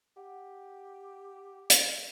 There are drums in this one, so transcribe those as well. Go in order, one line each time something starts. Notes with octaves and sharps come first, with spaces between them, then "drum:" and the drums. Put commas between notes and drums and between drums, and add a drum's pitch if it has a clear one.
G4 F#5
drum: hi-hat